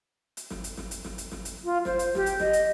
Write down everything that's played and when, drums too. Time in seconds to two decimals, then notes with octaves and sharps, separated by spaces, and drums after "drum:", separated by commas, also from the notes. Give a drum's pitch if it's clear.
0.37 drum: hi-hat
0.50 drum: snare
0.64 drum: hi-hat
0.77 drum: snare
0.91 drum: hi-hat
1.05 drum: snare
1.18 drum: hi-hat
1.32 drum: snare
1.45 drum: hi-hat
1.64 F4
1.85 C5, drum: snare
1.99 drum: hi-hat
2.15 G4, drum: snare
2.26 drum: hi-hat
2.40 D#5, drum: snare
2.53 drum: hi-hat